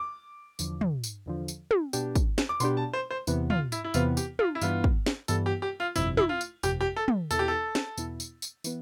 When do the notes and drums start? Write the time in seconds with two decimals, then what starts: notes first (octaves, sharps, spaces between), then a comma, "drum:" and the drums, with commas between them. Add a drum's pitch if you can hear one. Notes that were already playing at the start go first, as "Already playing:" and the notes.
Already playing: D6
0.59 E2 D3 F3, drum: tambourine
0.81 drum: tom
1.04 drum: tambourine
1.26 E2 D3 F3
1.48 drum: tambourine
1.71 drum: tom
1.93 B2 B3 D4 G4, drum: tambourine
2.15 drum: kick, tambourine
2.38 drum: snare
2.49 D6
2.60 B2 B3 D4 G4 C6, drum: tambourine
2.77 A5
2.93 C5
3.11 C5
3.27 E2 C3 E3 B3, drum: tambourine
3.50 F4, drum: tom
3.72 E4, drum: tambourine
3.84 E4
3.94 E2 C3 E3 B3 F4, drum: tambourine
4.17 G4, drum: tambourine
4.39 F4, drum: tom
4.55 E4
4.61 G2 E3 B3 F4, drum: tambourine
4.84 drum: kick
5.06 drum: snare
5.28 G2 E3 B3 A4, drum: tambourine
5.46 G4
5.62 G4
5.80 F4
5.96 G1 F2 C3 E4, drum: tambourine
6.17 E4, drum: tom
6.29 F4
6.41 drum: tambourine
6.63 G1 F2 C3 G4, drum: tambourine
6.81 G4
6.96 A4
7.08 drum: tom
7.31 E2 B2 B3 E4 A4, drum: tambourine
7.39 G4
7.48 A4
7.75 drum: snare
7.98 E2 B2 B3 E4, drum: tambourine
8.20 drum: tambourine
8.42 drum: tambourine
8.64 E3 B3, drum: tambourine